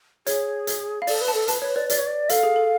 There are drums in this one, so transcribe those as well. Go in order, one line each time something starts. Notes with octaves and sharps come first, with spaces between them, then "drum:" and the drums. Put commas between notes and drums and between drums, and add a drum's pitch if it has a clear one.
G#4 C#5, drum: hi-hat
drum: hi-hat
F5
A4 D5, drum: open hi-hat
B4
A5
A4
B4 A5, drum: hi-hat
B4 C#5
B4 D5
D5, drum: hi-hat
C#5
D5
A4 F5, drum: hi-hat
G#4
A4